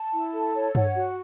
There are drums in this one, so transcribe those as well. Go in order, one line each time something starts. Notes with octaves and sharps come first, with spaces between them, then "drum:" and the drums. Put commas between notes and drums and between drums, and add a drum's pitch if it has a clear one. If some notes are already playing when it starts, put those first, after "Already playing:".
Already playing: A5
E4
A4
C#5
C#5 F#5, drum: tom G2
F#4